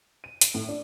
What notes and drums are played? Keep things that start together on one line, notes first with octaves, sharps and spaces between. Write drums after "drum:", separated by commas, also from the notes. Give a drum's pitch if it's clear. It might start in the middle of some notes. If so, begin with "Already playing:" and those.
D#7
D7, drum: hi-hat
A2
D4